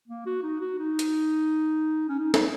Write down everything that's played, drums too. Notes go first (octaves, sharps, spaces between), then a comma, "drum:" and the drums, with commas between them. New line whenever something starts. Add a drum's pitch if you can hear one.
A#3
F#4
D#4
F#4
D#4
drum: hi-hat
C#4
D#4
D#4, drum: snare